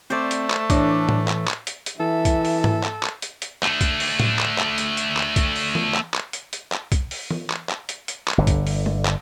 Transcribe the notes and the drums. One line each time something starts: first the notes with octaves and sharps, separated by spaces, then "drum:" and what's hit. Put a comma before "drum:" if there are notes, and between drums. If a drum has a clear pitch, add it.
A3 C4 C5 D5
drum: hi-hat
drum: clap
A2 E3 D4, drum: kick, hi-hat
drum: tom A2
drum: clap
drum: clap
drum: hi-hat
drum: hi-hat
E3 A4 E5
drum: kick, hi-hat
drum: open hi-hat
drum: tom G#2
drum: clap
drum: clap
drum: hi-hat
drum: hi-hat
A3 D4, drum: clap
drum: kick, hi-hat
drum: open hi-hat
drum: tom A2
drum: clap
drum: clap
drum: hi-hat
drum: hi-hat
drum: clap
drum: kick, hi-hat
drum: open hi-hat
drum: tom
drum: clap
drum: clap
drum: hi-hat
drum: hi-hat
drum: clap
drum: kick, hi-hat
drum: open hi-hat
drum: tom
drum: clap
drum: clap
drum: hi-hat
drum: hi-hat
drum: clap
G1 D3
drum: kick, hi-hat
drum: open hi-hat
drum: tom
drum: clap